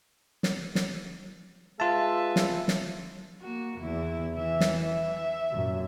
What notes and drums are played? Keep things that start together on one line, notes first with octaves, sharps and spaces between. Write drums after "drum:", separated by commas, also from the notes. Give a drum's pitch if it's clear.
drum: snare
drum: snare
G#3 F4 B4 E5 A5
drum: snare
drum: snare
A#3 F#4
E2 E4
E3 E5
drum: snare
E5
F#2 A#2